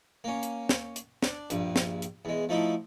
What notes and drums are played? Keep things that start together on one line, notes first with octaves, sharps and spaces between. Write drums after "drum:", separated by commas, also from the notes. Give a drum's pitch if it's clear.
A#3 C#4
drum: hi-hat
drum: snare
drum: hi-hat
D4, drum: snare
A#1 G2, drum: hi-hat
drum: snare
drum: hi-hat
E2 G#3
F3 A3 D#4 E4